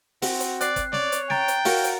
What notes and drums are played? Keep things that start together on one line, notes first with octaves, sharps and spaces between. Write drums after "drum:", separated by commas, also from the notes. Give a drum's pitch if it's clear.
C4 F#4, drum: open hi-hat
drum: hi-hat
D5 F#6 C7, drum: hi-hat
drum: kick G1, hi-hat
C#5 D5, drum: snare
drum: hi-hat
G5 A#5 A6 D7, drum: snare
drum: hi-hat
F#4 A#4 C#5 F5, drum: open hi-hat
drum: hi-hat